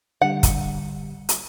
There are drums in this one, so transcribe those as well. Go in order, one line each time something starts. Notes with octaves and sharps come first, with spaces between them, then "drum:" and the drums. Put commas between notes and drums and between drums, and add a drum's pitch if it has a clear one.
D3 G3 F#5
drum: kick, hi-hat
drum: hi-hat